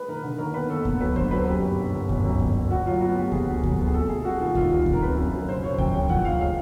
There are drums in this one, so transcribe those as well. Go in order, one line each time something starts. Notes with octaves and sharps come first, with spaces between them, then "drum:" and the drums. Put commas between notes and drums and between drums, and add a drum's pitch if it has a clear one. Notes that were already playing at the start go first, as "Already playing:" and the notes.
Already playing: G#3 B4
D#3 A#4
D3
D#2 A#4
B3 B4
D#2 A4
B3, drum: kick D2
F#3 B4
D3 C5, drum: kick D2
F#3 B4
F#2 G4
G1
D3
G1
G1, drum: kick D2
F#2
G1, drum: kick D2
G1
D2 F#4
F#3 F4
B3 F#4
D2 G4
B3 G#4, drum: kick D2
D2
F#3, drum: kick D2
B3
G#4
C3 A4
C3 G#4
G3 F#4
D#3 F4
G3 F4, drum: kick D2
D#3 F4
F2, drum: kick D2
A#4
C3 B4
F#2
F#2
C#3 C5
C#3 C#5
F#2 G5, drum: kick D2
C#3 G5
F3 F#5, drum: kick D2
F3 F5
G#3 F5